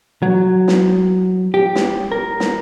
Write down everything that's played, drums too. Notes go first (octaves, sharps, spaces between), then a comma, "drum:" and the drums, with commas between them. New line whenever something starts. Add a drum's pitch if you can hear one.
F#3
drum: snare
G4
drum: snare
A#4
drum: snare